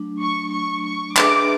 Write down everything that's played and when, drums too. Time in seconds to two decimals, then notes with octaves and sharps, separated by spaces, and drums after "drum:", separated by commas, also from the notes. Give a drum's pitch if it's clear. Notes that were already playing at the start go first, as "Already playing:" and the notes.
Already playing: F#3 A3 D4
0.21 C#6
0.53 C#6
0.85 C#6
1.16 D4 G#4 B4 E5 D6, drum: clap